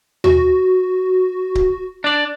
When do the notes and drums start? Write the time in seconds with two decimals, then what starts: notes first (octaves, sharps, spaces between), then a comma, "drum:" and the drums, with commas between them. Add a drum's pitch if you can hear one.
0.24 F#4, drum: tom D#2
1.55 drum: kick C#1
2.04 D4 D5